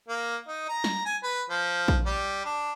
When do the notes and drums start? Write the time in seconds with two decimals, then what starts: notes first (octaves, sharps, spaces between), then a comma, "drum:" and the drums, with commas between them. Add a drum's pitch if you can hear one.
0.08 A#3
0.47 D#4
0.69 A#5
0.84 drum: snare
1.06 G#5
1.23 B4
1.50 F3
1.88 drum: kick A#1
2.06 G3
2.45 D4